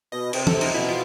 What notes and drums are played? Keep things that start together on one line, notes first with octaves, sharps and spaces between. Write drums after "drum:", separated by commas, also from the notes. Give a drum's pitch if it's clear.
B2 D#5
C3, drum: cymbal
A4, drum: tom E3
C3
D#4, drum: cymbal
B2 E4
F4